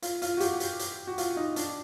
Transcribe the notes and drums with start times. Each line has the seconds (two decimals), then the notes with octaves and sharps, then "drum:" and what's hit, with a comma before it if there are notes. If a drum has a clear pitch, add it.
0.02 F4, drum: hi-hat
0.22 F4, drum: hi-hat
0.37 F#4
0.40 G4, drum: hi-hat
0.60 drum: hi-hat
0.79 drum: hi-hat
1.07 F#4
1.18 F4, drum: hi-hat
1.37 D#4
1.56 D4, drum: hi-hat